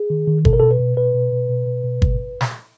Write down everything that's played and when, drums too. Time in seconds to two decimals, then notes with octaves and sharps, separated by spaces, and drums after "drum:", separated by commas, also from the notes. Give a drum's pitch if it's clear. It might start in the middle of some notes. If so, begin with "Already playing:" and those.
Already playing: G#4
0.10 D#3
0.28 D#3
0.45 B2 A4, drum: kick G1
0.53 A#4
0.60 B2 A4
0.71 B4
0.79 B2
0.97 B2 B4
1.14 B2
1.32 B2
1.50 B2
1.66 B2
1.84 B2
2.02 B2, drum: kick G1
2.41 drum: snare